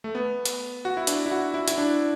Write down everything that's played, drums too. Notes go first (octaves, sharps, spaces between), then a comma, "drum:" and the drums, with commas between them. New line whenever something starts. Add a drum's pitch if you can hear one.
A3
B3
drum: hi-hat
F#4
E4
D4, drum: hi-hat
E4
F#4
E4
E4, drum: hi-hat
D4